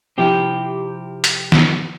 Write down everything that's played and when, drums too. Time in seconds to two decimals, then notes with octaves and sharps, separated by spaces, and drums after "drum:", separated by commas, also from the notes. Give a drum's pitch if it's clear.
0.18 C3 F3 C4 E4 G4
1.24 drum: hi-hat
1.52 drum: snare